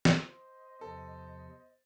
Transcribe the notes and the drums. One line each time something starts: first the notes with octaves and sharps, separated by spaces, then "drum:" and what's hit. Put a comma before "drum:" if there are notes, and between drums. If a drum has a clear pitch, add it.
drum: snare
C5 D#5
E2 C3 F3 A4